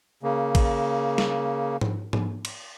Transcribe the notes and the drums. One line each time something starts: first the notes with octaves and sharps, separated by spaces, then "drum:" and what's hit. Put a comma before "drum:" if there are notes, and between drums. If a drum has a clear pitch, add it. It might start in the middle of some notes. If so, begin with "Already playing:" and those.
C#3 A#3
drum: kick, cymbal
drum: snare
drum: tom G#2
drum: tom G#2
drum: cymbal